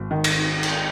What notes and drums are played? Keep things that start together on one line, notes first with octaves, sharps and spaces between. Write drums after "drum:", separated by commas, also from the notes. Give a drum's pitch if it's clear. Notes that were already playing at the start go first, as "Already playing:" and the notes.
Already playing: G#1
D#3
drum: cymbal
drum: cymbal